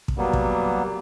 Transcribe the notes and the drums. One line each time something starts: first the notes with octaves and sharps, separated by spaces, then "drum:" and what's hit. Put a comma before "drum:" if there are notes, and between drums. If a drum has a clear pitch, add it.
drum: kick
F#3 G3 A#3 B3
drum: kick